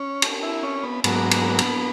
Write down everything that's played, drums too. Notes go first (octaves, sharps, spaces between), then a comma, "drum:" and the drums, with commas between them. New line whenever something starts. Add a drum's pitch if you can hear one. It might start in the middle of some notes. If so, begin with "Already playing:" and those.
Already playing: C#4
drum: cymbal
E4
C#4
B3
G#2 F#3 A#3 B3, drum: cymbal
drum: cymbal
drum: cymbal